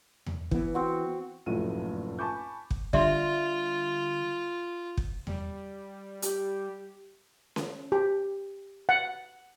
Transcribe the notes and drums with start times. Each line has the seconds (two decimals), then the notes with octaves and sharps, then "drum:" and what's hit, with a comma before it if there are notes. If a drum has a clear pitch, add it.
0.26 drum: tom E2
0.51 E3 B3, drum: kick
0.74 C4 F#4 F#5
1.46 F1 A#1 F#2 A2 D#7
2.19 G#5 A5 B5 C#6 D6 G6
2.71 drum: kick
2.93 D3 G3 F4 D5 E5 C6, drum: kick
4.97 drum: kick
5.27 G3, drum: tom E2
6.22 G4, drum: hi-hat
7.56 drum: snare C#4
7.92 G4
8.89 F#5